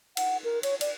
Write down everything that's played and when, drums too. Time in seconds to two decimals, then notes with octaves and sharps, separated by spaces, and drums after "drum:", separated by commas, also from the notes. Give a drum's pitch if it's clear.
0.17 F#5, drum: cymbal
0.44 A#4
0.63 C#5, drum: cymbal
0.81 D5, drum: cymbal